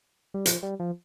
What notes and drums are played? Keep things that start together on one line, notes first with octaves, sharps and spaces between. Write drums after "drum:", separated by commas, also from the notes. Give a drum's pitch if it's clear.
G3
F3, drum: hi-hat
G3
F3